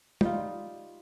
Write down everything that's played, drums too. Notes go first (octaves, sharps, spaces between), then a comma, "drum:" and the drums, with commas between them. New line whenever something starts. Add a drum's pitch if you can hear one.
G3 D#4 F4, drum: tom